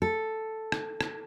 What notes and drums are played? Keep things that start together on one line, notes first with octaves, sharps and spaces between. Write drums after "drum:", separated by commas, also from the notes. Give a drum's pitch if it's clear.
A4
drum: rim click
drum: rim click